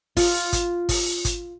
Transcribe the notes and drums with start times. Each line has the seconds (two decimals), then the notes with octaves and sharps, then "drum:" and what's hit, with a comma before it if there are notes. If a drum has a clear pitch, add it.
0.17 F4, drum: kick, open hi-hat
0.53 drum: kick, hi-hat
0.89 drum: kick, open hi-hat
1.25 drum: kick, hi-hat